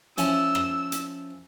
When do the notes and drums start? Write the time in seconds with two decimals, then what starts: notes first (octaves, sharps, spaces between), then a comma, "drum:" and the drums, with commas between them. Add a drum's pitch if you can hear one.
0.18 F3 C#4 E4 E6, drum: hi-hat
0.55 drum: rim click
0.92 drum: hi-hat